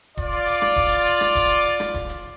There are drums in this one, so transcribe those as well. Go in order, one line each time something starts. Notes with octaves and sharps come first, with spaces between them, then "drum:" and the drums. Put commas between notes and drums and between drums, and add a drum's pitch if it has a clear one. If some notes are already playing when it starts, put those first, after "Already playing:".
F4 D5, drum: kick D#1, hi-hat
drum: hi-hat
drum: hi-hat
drum: rim click
drum: kick D#1, hi-hat
drum: hi-hat
drum: hi-hat
drum: rim click
drum: kick D#1, hi-hat
drum: hi-hat
drum: hi-hat
drum: rim click
drum: kick D#1, hi-hat
drum: hi-hat